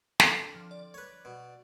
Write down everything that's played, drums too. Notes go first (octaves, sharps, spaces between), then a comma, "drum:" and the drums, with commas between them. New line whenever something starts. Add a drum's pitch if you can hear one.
D3 C4 D4 A4, drum: snare
F3
D5
B4 C#5
B2